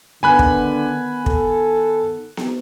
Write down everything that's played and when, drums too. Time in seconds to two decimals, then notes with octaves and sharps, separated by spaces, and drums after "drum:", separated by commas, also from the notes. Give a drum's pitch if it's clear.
0.23 D3 D#3 B3 G#5 B5 F#6
0.39 drum: kick
1.26 A4, drum: kick
2.37 drum: snare B3